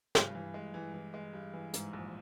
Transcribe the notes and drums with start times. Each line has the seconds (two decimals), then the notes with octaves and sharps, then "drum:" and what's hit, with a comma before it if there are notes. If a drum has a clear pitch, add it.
0.15 G2, drum: snare
0.35 E3
0.54 G#3
0.74 E3
0.94 E3
1.14 G#3
1.33 G2
1.53 E3
1.74 G#2, drum: hi-hat
1.93 A#1